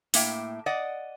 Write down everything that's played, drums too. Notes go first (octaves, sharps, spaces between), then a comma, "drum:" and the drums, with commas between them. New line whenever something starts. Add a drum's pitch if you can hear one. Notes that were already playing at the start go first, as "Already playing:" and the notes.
A2 A#3 E5 G5, drum: open hi-hat
D5 D#5 F#5